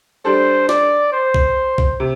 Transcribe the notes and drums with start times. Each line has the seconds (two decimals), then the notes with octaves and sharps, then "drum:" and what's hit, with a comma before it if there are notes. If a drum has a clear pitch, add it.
0.25 G3 D4 A4 C5
0.69 D5, drum: snare
1.13 C5
1.34 drum: kick B1
1.78 drum: kick B1
2.00 C3